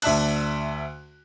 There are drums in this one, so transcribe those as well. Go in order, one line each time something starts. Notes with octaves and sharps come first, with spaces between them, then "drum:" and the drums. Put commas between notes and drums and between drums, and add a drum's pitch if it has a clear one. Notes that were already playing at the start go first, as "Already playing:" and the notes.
D2 D5 E5 A5 F#6, drum: cymbal